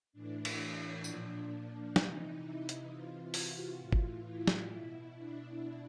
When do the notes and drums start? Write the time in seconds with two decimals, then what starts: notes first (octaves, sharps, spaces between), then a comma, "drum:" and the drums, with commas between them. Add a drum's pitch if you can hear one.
0.13 A2 E3 D4
0.45 drum: cymbal
0.58 D4
1.04 A#2 F3, drum: tambourine
1.96 C3 E3 D#4, drum: snare
2.42 E4
2.69 drum: hi-hat
2.88 C3 E3 F4
3.34 F#4, drum: open hi-hat
3.79 A2 E3 F4
3.92 drum: kick G1
4.25 E4
4.48 drum: snare
4.72 B2
5.16 D4